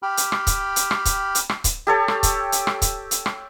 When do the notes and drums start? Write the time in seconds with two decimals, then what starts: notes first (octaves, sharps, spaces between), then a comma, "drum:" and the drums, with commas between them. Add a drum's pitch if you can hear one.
0.03 G4 G5 B5 F6
0.17 drum: hi-hat
0.32 drum: rim click
0.47 drum: kick, hi-hat
0.76 drum: hi-hat
0.91 drum: rim click
1.05 drum: kick, hi-hat
1.35 drum: hi-hat
1.49 drum: rim click
1.64 drum: kick, hi-hat
1.87 G4 A4 C#5
2.08 drum: rim click
2.23 drum: kick, hi-hat
2.52 drum: hi-hat
2.67 drum: rim click
2.82 drum: kick, hi-hat
3.11 drum: hi-hat
3.26 drum: rim click